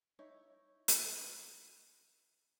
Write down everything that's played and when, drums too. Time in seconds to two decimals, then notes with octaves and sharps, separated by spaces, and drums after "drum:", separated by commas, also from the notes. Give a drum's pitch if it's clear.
0.19 D#4 E4 C#5 E5
0.88 drum: hi-hat